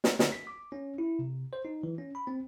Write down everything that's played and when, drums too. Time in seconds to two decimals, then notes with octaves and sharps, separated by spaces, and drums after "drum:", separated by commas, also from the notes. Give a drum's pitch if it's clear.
0.04 drum: snare
0.19 D3, drum: snare
0.32 B6
0.47 D6
0.72 C#4
0.98 E4
1.19 C3
1.53 C5
1.65 D#4
1.83 E3
1.98 C#4
2.15 B5
2.27 C4